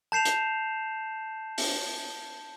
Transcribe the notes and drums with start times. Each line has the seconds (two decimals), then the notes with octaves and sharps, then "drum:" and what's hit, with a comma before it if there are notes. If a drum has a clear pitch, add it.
0.12 A5 G6 C7 E7 F7
0.25 drum: hi-hat
1.58 drum: open hi-hat